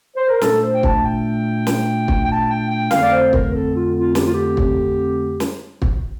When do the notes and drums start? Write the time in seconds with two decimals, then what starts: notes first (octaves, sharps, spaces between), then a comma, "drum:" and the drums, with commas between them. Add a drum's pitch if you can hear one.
0.17 C5
0.29 A#4
0.41 A#2 A3 D4 A4, drum: snare
0.62 C5
0.73 G5
0.83 A5, drum: kick
1.04 G5
1.67 drum: snare
2.08 drum: kick
2.23 G5
2.29 A5
2.49 G5
2.70 G5
2.91 F2 D3 A3 C4 F5, drum: snare
3.03 D5
3.12 C5
3.33 A#4, drum: kick
3.54 A4
3.74 F4
3.95 F4
4.15 G4, drum: snare
4.24 F4
4.32 G4
4.57 drum: kick
5.40 drum: snare
5.82 drum: kick